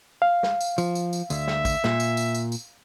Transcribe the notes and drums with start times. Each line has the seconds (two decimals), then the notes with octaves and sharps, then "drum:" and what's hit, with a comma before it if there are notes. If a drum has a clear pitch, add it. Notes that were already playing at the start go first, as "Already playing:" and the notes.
0.22 F5
0.43 drum: snare
0.61 drum: tambourine
0.78 F3, drum: tambourine
0.95 drum: tambourine
1.13 drum: tambourine
1.30 D2 E5, drum: tambourine
1.48 drum: snare
1.65 drum: kick, tambourine
1.84 A#2, drum: snare
2.00 drum: tambourine
2.17 drum: tambourine
2.35 drum: tambourine
2.52 drum: tambourine